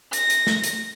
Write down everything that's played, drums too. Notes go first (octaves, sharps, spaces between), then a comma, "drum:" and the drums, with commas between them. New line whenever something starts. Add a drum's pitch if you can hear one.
A#6, drum: hi-hat
drum: hi-hat
drum: snare
drum: hi-hat